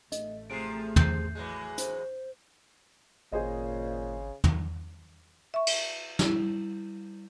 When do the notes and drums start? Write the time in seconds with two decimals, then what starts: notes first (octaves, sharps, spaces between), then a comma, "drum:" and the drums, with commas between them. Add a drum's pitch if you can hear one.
0.12 A1 A3 D#5, drum: hi-hat
0.50 C3 F3 G#4 C7 D7
0.96 G6 C7, drum: tom
1.35 E3 F#3 G#3
1.78 C5, drum: hi-hat
3.32 G#1 A#2 C#3 G#4 C5 D#5
4.44 drum: tom
5.54 E5 C#6
5.67 drum: cymbal
6.19 G3 E4, drum: snare